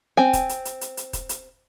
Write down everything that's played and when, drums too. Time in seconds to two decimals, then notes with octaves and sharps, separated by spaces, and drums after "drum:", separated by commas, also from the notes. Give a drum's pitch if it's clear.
0.17 C4 G5 G#5
0.33 drum: kick D#1, hi-hat
0.49 drum: hi-hat
0.65 drum: hi-hat
0.81 drum: hi-hat
0.97 drum: hi-hat
1.13 drum: kick D#1, hi-hat
1.29 drum: hi-hat